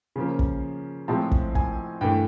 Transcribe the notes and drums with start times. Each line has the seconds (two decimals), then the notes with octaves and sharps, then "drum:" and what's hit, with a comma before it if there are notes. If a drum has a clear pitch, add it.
0.16 C#3 F3 A#3
0.39 drum: kick
1.08 A2 F3 G#3 C4 A5
1.31 drum: kick
1.55 G#5, drum: kick
2.01 G2 E3 A3 G5